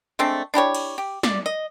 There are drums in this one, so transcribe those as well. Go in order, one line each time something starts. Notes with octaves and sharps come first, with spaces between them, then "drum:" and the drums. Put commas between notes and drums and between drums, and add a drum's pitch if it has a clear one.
G#3 A3 C4 D4
D4 E4 G4 C#5
drum: cymbal
G4
D5, drum: snare
D#5